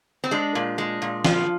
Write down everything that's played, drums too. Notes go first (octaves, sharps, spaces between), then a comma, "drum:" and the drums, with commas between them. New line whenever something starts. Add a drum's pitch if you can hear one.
C4
G#3 D4
A#2
G#3
A#2
F3, drum: snare